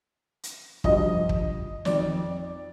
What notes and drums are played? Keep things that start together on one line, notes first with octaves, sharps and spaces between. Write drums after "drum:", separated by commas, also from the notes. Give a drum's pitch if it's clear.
drum: hi-hat
G2 F3 D#5, drum: kick
drum: kick
F2 D#3 D5, drum: snare